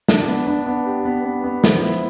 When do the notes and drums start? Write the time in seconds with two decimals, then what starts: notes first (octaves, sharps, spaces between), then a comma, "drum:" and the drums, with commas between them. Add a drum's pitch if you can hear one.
0.08 D4, drum: snare
0.27 B3
0.47 D4
0.66 B3
0.86 G4
1.05 B3
1.25 B3
1.44 B3
1.64 F3, drum: snare
1.84 E4